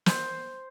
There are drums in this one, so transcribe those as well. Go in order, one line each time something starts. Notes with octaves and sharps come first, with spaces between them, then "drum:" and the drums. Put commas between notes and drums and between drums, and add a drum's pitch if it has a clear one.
C5, drum: snare